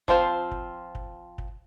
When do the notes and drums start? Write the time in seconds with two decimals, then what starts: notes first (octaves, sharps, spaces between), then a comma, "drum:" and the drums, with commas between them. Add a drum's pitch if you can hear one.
0.08 F3 C4 F4 C5, drum: kick
0.51 drum: kick
0.95 drum: kick
1.38 drum: kick